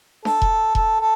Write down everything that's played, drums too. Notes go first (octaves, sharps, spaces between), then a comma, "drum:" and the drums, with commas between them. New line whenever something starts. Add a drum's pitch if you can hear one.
A4, drum: snare D4
drum: kick E1
A4, drum: kick E1
A4